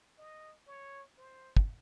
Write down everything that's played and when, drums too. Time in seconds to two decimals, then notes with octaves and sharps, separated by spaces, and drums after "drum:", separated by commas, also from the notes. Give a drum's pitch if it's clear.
0.18 D#5
0.68 C#5
1.18 C5
1.57 drum: kick